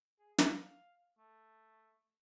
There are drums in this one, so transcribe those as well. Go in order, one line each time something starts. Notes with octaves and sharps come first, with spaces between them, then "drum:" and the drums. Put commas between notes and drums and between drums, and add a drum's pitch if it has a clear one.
G#4
F5, drum: snare
A3